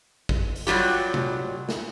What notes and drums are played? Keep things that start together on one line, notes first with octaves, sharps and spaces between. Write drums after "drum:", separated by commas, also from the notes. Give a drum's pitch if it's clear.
drum: kick
drum: open hi-hat
F#3 G3 F4 G4
drum: tom C3
drum: snare